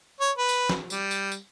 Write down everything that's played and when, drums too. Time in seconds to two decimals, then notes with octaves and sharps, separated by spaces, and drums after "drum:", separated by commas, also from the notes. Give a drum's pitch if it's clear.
0.21 C#5
0.38 B4
0.49 drum: tambourine
0.69 drum: snare
0.90 G3, drum: tambourine
1.11 drum: tambourine
1.32 drum: tambourine